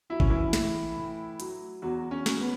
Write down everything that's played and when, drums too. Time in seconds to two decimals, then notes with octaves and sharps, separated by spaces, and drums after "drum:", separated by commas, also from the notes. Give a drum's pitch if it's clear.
0.10 F#3 E4
0.20 C#4, drum: kick G#1
0.30 E3 E4
0.53 A2, drum: snare
0.96 A2
1.40 F#3, drum: hi-hat
1.82 E2 F#3 F#4
2.11 C#4
2.26 F#3, drum: snare
2.40 B3